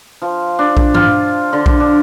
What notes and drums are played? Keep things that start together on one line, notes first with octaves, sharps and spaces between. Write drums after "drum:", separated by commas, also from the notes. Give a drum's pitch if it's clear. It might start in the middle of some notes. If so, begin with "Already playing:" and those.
F3
D4
drum: kick A#1
F4, drum: tom G2
D3
drum: kick A#1
D4